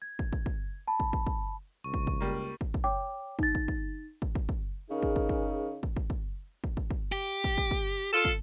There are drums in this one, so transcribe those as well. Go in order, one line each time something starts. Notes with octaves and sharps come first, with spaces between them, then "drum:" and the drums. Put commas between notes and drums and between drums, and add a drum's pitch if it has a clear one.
G#6
drum: kick
drum: kick
drum: kick
A5 B5
drum: kick
drum: kick
drum: kick
C#2 C#6
drum: kick
drum: kick
G3 A#3
drum: kick
drum: kick
C#5 G5 D6
D#4 A6, drum: kick
drum: kick
drum: kick
drum: kick
drum: kick
drum: kick
C#3 D#4 G#4 A#4
drum: kick
drum: kick
drum: kick
drum: kick
drum: kick
drum: kick
drum: kick
drum: kick
drum: kick
G4
drum: kick
drum: kick
drum: kick
F4 A4
drum: kick